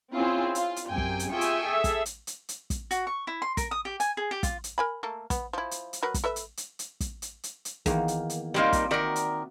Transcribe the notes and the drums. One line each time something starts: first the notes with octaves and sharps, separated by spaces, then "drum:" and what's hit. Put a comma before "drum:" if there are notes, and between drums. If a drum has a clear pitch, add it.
C4 C#4 E4 F4 G#4
F4, drum: hi-hat
drum: hi-hat
F#2 C3 G5 G#5
drum: kick
drum: hi-hat
F4 G#4 E5 G5 G#5 C#6
drum: hi-hat
G#4 A4 E5
drum: kick, hi-hat
drum: hi-hat
drum: hi-hat
drum: hi-hat
drum: kick, hi-hat
F#4, drum: hi-hat
C#6
E4
C6
A#4, drum: kick, hi-hat
D#6
G4
G#5, drum: hi-hat
G#4
G4
F4, drum: kick, hi-hat
drum: hi-hat
A#4 G#5 B5
A3 A#3 A4
B3, drum: kick, hi-hat
F3 E4
drum: hi-hat
drum: hi-hat
F#3 A#4 B4
drum: kick, hi-hat
A4 B4 E5
drum: hi-hat
drum: hi-hat
drum: hi-hat
drum: kick, hi-hat
drum: hi-hat
drum: hi-hat
drum: hi-hat
E2 D#3 A#3, drum: kick, hi-hat
drum: hi-hat
drum: hi-hat
G3 A#3 C4 D#4 F4 F5
drum: kick, hi-hat
D#3 F#4 A#4 D5 E5
drum: hi-hat